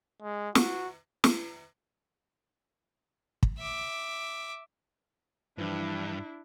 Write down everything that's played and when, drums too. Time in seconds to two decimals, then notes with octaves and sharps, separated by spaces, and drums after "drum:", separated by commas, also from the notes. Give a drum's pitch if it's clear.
0.22 G#3
0.55 F#4, drum: snare
1.24 drum: snare
3.43 drum: kick
3.58 E5 D6
5.58 G2 E3 F3 D4 E4